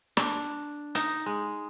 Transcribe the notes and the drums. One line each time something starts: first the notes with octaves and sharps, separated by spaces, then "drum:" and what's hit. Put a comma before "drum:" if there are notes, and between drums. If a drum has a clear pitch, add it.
D4, drum: snare
D#4, drum: hi-hat
G#3